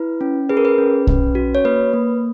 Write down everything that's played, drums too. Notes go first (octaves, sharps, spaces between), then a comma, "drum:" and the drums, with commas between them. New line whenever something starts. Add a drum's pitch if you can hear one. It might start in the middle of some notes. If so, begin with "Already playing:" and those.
Already playing: E4 B4
C#4
G#4 B4
A#4
B4
C#4
C#4, drum: kick B1
F#4
C#5
A#3 B4
A#3